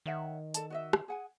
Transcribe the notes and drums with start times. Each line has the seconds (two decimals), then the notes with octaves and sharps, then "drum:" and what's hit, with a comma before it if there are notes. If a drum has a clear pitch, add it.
0.06 D#3 C#5 E5 F#5
0.54 A4 D5 A5, drum: hi-hat
0.70 F#4 D#5 E5
0.93 drum: rim click
1.08 G#4 F#5 G#5